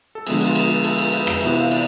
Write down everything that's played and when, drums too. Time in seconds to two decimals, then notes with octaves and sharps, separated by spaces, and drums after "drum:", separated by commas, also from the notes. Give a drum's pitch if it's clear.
0.15 A4
0.27 D3 F3 G#3 B3 G#4, drum: cymbal
0.41 G#4, drum: cymbal
0.46 F4
0.55 drum: cymbal
0.65 G#4
0.84 A4, drum: cymbal
0.98 drum: cymbal
1.12 B4, drum: cymbal
1.27 drum: rim click
1.41 C3 E3 B3 E5, drum: cymbal
1.60 F5
1.71 D5, drum: cymbal